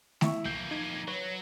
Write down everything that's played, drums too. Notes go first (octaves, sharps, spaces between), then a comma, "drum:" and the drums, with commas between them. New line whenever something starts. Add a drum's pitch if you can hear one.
E4 E5 C#6, drum: snare A3
B1 F2 A#3 G6
D#4 G#6 D#7
F#3 B4 C#5